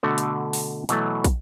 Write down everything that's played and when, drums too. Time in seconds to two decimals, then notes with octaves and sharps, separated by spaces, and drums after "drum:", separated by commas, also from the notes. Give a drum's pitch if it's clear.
0.03 B2 D3 A3 F#4
0.18 drum: hi-hat
0.53 drum: open hi-hat
0.89 B2 E3 F#3 A3, drum: hi-hat
1.24 drum: kick, hi-hat